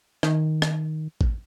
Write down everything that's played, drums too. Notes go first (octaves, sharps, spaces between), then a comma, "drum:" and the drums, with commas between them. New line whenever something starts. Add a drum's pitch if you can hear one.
D#3, drum: rim click
drum: rim click
drum: kick A1